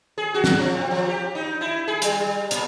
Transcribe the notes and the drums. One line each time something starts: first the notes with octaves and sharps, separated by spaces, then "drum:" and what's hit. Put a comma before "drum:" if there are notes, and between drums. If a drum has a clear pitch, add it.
G#4
F#4
drum: snare
F3
C4
F3
G4
D#4
E4
G#4
G3, drum: hi-hat
G3
A#2, drum: hi-hat